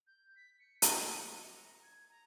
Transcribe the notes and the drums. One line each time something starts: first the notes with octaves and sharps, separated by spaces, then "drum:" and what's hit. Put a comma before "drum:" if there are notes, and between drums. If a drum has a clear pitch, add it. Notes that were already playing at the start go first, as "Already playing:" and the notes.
G6
B6
C#7
G5, drum: hi-hat
A5
C#7
A#5
G#6
A#5